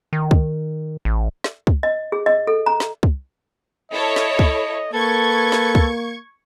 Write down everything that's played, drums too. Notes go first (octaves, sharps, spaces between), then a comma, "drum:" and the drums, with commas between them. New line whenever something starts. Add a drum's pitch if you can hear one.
D#3
drum: kick
A1
drum: snare
drum: kick
D#5
G#4
D#5
A4
A#5
drum: snare
drum: kick
E4 A4 C#5 D#5
drum: snare
drum: kick
A#3 A4 B4 C#6 G#6
drum: snare
drum: kick